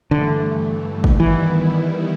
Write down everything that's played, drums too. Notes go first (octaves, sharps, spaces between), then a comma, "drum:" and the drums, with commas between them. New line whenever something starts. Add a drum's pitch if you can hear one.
G2 D3 E3 A3
drum: kick
D#3 E3 G3 B3 E4